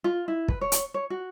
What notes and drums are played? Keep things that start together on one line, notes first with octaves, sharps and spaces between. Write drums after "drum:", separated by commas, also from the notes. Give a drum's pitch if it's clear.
F4
E4
B4, drum: kick
C#5
drum: hi-hat
C#5
F#4